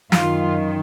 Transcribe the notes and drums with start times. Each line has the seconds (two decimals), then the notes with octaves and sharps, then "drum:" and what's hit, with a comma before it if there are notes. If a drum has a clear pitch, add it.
0.12 F#2 D#3 F4, drum: snare